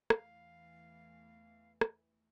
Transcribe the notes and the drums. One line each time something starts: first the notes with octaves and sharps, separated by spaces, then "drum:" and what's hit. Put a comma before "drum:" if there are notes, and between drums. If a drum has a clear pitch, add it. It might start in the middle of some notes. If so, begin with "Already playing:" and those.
E2 E3 A3 F5, drum: rim click
drum: rim click